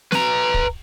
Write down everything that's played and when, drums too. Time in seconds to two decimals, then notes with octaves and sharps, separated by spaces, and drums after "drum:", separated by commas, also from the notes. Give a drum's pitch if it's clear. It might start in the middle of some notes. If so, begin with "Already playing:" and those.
0.12 B4 A#5, drum: snare
0.54 drum: kick